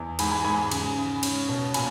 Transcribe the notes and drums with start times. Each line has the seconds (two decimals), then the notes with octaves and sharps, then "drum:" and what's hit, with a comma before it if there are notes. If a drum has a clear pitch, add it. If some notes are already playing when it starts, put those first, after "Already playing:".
Already playing: E2
0.19 G#2 G#5 B5, drum: cymbal
0.31 G#5 B5
0.44 G#2 G#5 B5
0.58 G#5 B5
0.72 C#3, drum: cymbal
0.97 C#3
1.23 C#4, drum: cymbal
1.49 B2
1.74 A#2 G#5 B5, drum: cymbal